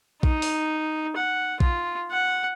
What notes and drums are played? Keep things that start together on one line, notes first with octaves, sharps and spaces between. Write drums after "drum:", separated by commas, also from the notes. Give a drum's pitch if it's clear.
D#4, drum: kick A#1
drum: open hi-hat
F#5
F4, drum: kick A#1
F#5